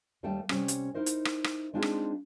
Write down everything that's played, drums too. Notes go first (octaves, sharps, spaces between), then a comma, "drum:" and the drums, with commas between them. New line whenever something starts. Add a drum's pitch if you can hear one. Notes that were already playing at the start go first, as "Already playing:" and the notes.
D#2 G3 A3 F5 G5 A5
C3 G3 C#4, drum: rim click
drum: hi-hat
D#4 E4 A#4 C5 D#5
drum: hi-hat
drum: rim click
drum: rim click
G#3 C4 D4 D#4 F4 G#4
drum: rim click